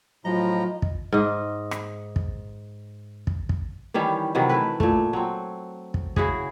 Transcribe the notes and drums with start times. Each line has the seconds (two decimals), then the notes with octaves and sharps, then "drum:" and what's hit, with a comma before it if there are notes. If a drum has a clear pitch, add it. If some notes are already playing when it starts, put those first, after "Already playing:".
0.25 A2 F3 F#3 F4 D#5 A#5
0.82 drum: kick
1.12 G#2 D#5
1.71 drum: rim click
2.16 drum: kick
3.27 drum: kick
3.49 drum: kick
3.94 D#3 E3 G3 C#4
4.35 C3 D#3 E3 F#3
4.49 A3 E4 B4
4.80 A#2 A3, drum: kick
5.13 F#3 C4
5.94 drum: kick
6.16 C#3 E4 F#4 G#4, drum: kick